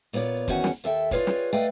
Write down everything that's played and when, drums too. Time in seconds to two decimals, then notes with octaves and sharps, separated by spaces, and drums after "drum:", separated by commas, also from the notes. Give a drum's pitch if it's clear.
0.13 A#2 B3 F4 C#5 D5
0.48 E2 D#3 C#4 F#4 F#5 G#5, drum: kick
0.64 drum: snare
0.84 D#2 A4 E5 G5
1.11 F4 G#4 B4 C#5 D5, drum: kick
1.27 drum: snare
1.53 A3 B4 D5 D#5 F5 G5